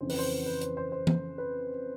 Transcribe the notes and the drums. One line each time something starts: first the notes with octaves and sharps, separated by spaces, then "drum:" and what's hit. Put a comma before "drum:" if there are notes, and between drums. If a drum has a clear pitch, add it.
F2 C#3 E3 C5
B4, drum: open hi-hat
C5
B4
C5, drum: hi-hat
C5
C5
drum: tom
B4